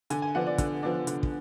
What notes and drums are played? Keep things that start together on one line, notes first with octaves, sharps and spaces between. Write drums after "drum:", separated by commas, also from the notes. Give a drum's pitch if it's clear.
D3 G#5, drum: hi-hat
G#5
F3 B3 D4 F#5
D5
D3, drum: kick, hi-hat
F3 B3 D4
D3, drum: hi-hat
drum: kick